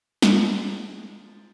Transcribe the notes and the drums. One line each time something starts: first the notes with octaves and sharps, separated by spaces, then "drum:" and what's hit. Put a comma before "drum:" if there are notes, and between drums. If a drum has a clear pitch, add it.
F3 G#3 A#3, drum: snare